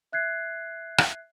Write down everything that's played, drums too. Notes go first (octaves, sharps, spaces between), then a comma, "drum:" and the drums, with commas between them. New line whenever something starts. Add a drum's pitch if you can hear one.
E5 F#6 G#6 C7
drum: rim click